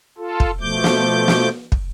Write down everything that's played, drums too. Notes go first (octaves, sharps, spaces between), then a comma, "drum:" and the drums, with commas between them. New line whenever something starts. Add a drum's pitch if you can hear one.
F4 A4
drum: kick
B2 F3 A3 D6 G6
drum: snare
drum: snare
drum: kick